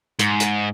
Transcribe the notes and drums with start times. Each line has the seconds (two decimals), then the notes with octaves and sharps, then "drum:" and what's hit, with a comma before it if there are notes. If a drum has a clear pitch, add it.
0.19 G#2, drum: hi-hat
0.40 drum: hi-hat